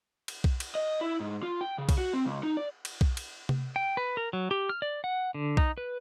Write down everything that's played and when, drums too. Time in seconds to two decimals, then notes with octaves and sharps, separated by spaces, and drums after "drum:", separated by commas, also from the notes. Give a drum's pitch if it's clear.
0.28 drum: cymbal
0.44 drum: kick B1
0.60 drum: cymbal
0.75 D#5
1.01 E4
1.20 G#2
1.43 F4
1.61 G5
1.78 C#3
1.89 drum: kick B1, cymbal
1.98 F#4
2.13 C4
2.25 C#2
2.43 D#4
2.57 D5
2.85 drum: cymbal
3.01 drum: kick B1
3.17 drum: cymbal
3.49 drum: tom C3
3.76 G5
3.97 B4
4.17 A#4
4.33 F#3
4.51 G4
4.69 F6
4.82 D5
5.04 F#5
5.34 D3
5.57 D#4, drum: kick B1
5.78 B4